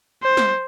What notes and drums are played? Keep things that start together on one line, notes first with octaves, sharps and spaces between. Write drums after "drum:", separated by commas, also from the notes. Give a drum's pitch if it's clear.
C5
drum: snare